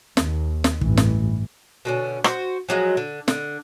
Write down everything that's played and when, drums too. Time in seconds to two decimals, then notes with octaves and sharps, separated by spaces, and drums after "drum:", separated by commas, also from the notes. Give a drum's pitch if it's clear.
0.17 D#2, drum: snare
0.64 drum: snare
0.81 A1 G2 E3, drum: kick
0.97 drum: snare
1.85 B2 D3 C#4
2.24 F#4 C5, drum: rim click
2.69 F3 F#3 G#3
2.97 D3
3.28 D3, drum: snare